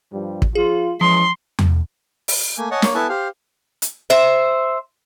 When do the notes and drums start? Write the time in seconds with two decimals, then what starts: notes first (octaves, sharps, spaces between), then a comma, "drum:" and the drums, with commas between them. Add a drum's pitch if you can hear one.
0.12 G2 F3 G3
0.42 drum: kick
0.55 F3 F4 G#4
1.01 E3 F3 G#3 C#4 C6
1.59 drum: tom E2
2.28 drum: open hi-hat
2.58 A3 A#3 G#5
2.71 C#5 D#5 F#5 G#5 A5
2.82 A#3 C#5 C#6, drum: snare
2.95 B3 E4 A4 B4 G#5 A5
3.09 G4 C5 F5
3.82 drum: hi-hat
4.10 C5 E5